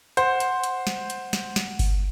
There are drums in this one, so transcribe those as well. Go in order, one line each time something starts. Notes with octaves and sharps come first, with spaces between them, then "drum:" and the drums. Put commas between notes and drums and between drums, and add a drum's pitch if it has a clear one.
C5 F#5, drum: hi-hat
drum: hi-hat
drum: hi-hat
drum: snare
drum: hi-hat
drum: snare
drum: snare
drum: kick G1, open hi-hat